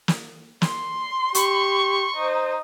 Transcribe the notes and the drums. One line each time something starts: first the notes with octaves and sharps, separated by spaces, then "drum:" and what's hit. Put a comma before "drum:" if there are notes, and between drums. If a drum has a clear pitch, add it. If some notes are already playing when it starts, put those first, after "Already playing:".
drum: snare
C6, drum: snare
G4 C#6, drum: hi-hat
D#4 C5